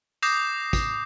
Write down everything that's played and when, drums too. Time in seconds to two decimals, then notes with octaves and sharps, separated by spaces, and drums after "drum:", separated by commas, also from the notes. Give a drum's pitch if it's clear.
0.22 D6 D#6 G6 A#6 C7, drum: tambourine
0.73 drum: kick, tambourine